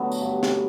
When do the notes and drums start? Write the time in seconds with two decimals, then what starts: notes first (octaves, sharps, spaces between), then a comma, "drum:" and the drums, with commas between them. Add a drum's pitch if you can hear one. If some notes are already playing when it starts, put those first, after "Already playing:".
Already playing: D3 F#3 A3 B3
0.12 drum: tambourine
0.21 G2
0.43 drum: snare